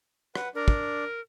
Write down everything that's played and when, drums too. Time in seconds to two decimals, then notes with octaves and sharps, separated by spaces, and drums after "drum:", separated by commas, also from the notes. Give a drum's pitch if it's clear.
0.35 B4 F#5, drum: rim click
0.55 D4 A#4
0.68 drum: kick